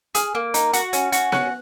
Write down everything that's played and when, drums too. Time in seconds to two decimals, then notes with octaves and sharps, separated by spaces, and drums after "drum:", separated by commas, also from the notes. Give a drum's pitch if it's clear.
0.15 G#4 F6, drum: hi-hat
0.35 A#3
0.54 D#4, drum: hi-hat
0.73 F#4, drum: hi-hat
0.93 C#4, drum: hi-hat
1.12 F#4, drum: hi-hat
1.32 C#4 F#6, drum: snare B3